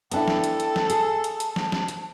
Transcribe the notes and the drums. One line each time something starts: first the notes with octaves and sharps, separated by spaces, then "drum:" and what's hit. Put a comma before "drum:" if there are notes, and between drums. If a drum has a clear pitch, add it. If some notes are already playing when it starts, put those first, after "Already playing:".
B3 D4 E4 A4 G5, drum: hi-hat
drum: snare
drum: hi-hat
drum: hi-hat
drum: snare
G#4 A5, drum: hi-hat
drum: hi-hat
drum: hi-hat
drum: snare
drum: snare
drum: hi-hat